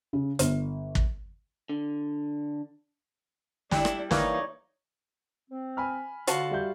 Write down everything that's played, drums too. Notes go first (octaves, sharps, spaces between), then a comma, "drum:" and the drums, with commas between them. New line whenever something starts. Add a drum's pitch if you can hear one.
C#3
G1, drum: hi-hat
drum: kick
D3
G3 D4 E4, drum: snare
drum: rim click
E3 A#3 D#4 C#5 D5, drum: snare
C4
G#5 B5 F6
D3 F4 F#4 A5, drum: hi-hat
G3 E5 G6